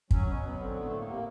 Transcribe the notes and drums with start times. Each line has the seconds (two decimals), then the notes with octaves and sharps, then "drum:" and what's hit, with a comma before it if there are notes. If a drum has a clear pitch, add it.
0.11 F#3 C#4, drum: kick
0.27 B2 C#4
0.43 F#3 B3
0.59 D3 C4
0.75 A2 B3
0.86 A2 A3
0.97 A#3
1.07 C3 A#3